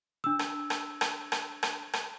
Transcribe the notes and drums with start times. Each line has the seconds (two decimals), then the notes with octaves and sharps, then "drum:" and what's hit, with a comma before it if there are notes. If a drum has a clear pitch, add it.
0.24 D4 E6
0.39 drum: rim click
0.70 drum: rim click
1.01 drum: rim click
1.32 drum: rim click
1.63 drum: rim click
1.93 drum: rim click